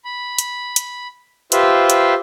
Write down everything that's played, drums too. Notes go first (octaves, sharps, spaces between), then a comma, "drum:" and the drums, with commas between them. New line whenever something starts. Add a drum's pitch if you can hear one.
B5
drum: hi-hat
drum: hi-hat
F4 G4 B4 C5 E5, drum: hi-hat
drum: hi-hat